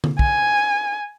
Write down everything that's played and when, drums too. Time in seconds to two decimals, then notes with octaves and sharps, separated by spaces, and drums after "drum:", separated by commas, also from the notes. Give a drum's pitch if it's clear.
0.04 drum: tom D3
0.19 G#5, drum: kick